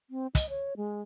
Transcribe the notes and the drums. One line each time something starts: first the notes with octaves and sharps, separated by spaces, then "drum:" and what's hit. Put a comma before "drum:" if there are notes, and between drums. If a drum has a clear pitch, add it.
C4
D#5, drum: kick, hi-hat
C#5
G#3